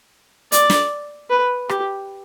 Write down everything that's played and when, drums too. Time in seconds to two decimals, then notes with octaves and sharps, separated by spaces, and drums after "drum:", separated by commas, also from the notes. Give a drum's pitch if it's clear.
0.52 D5, drum: hi-hat
0.70 drum: snare
1.30 B4
1.69 G4, drum: rim click